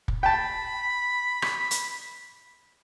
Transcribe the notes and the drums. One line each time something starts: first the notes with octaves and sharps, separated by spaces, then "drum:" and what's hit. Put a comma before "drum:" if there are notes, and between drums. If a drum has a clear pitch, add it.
drum: kick
G5 A5 B5
drum: rim click
drum: hi-hat